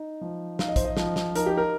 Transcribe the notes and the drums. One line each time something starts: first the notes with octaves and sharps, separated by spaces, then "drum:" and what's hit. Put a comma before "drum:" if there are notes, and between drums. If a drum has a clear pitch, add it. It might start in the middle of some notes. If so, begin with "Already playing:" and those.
Already playing: D#4
F3
D#4 F5, drum: snare
D#5
C5, drum: kick, hi-hat
D#5
F3, drum: snare
drum: snare
D#4 A#4, drum: hi-hat
G4
A#4